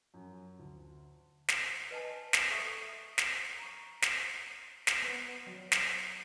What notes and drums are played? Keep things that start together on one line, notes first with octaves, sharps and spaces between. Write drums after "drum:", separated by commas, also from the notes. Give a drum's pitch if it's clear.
F#2
D2
drum: snare
B4 D#5 G#5 A5
drum: snare
A4 E5 C#6 D#6
drum: snare
A#5 C#6
drum: snare
drum: snare
B3
F#3
drum: snare